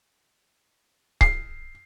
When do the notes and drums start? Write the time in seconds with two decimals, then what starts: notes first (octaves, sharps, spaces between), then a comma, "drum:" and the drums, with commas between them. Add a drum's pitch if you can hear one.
1.21 C7, drum: kick C#1